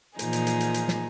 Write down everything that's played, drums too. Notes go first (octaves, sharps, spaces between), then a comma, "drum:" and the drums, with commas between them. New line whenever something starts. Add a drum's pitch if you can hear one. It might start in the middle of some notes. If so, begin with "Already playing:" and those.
A#2 E3 F3 D#4 G#4, drum: hi-hat
drum: hi-hat
drum: hi-hat
drum: hi-hat
drum: hi-hat
drum: snare